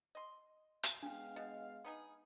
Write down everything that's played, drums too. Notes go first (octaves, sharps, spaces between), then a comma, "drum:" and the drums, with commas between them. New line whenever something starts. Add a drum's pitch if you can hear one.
D#5 C6
drum: hi-hat
G#3 B3 D4 F5 G5
B2 D#5
B3 D#4 G#4